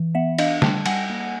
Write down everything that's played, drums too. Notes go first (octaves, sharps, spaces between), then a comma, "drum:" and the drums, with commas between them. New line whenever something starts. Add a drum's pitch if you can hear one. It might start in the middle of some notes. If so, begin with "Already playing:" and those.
Already playing: E3
B3 E5 F#5
D4 D#5 F5, drum: cymbal
G3 G5 A5, drum: snare
G3 F#5 G#5, drum: cymbal
A#3